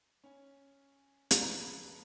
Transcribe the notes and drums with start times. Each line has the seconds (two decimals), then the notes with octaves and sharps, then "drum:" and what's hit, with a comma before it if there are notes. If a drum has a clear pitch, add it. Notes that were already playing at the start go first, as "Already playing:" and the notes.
0.24 C#4 G#5
1.31 drum: hi-hat
1.42 F2 C#3 A#3 B4 A#5 F7